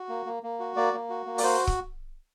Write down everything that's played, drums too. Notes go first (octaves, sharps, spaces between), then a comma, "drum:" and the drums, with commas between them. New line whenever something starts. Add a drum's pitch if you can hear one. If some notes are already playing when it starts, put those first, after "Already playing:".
Already playing: F#4
A#3
A#3
A#3
F#4
A#3 D5
A#3
F#4
A#3
D5, drum: open hi-hat
F#4 C5
drum: kick C#1